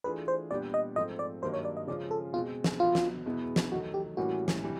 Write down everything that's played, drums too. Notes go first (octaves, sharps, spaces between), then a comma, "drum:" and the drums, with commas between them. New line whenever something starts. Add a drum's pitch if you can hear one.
E3 A3 D4 F4 G#4 B4
C5
A#2 G3 B3 D4 G4 D5
D#5
G#2 F3 A3 C4 D#5
D5
G2 D#3 F#3 A#3 D4 C5
C#5
D5
D#5
C#3 F3 G#3 C#4 F4 D5
A4
B2 G#3 C4 F4
drum: snare
B2 F#3 B3 F4
drum: snare
E2 B2 G#3 B3 E4
drum: snare
D#3 F#3 A3 F#4
G4
A2 E3 G3 A#3 C#4 F#4
drum: snare
C3 E3 G3